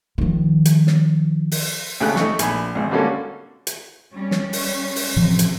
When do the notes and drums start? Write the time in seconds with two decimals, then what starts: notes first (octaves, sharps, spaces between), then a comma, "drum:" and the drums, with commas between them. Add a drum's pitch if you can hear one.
0.18 D#3 F3
0.65 drum: hi-hat
0.87 drum: snare
1.52 drum: open hi-hat
2.01 D2 C#3 G4 A4 F#6
2.16 A3 D#4 C#6, drum: snare
2.39 A#1 G#5 B5, drum: hi-hat
2.75 G#1 C#2
2.91 D3 G3 A#3 C#4 F#4 A4
3.67 drum: hi-hat
4.14 G3 C#4
4.31 drum: snare
4.53 drum: open hi-hat
4.96 drum: open hi-hat
5.16 F#2 A2 C3 E3 F3
5.39 drum: hi-hat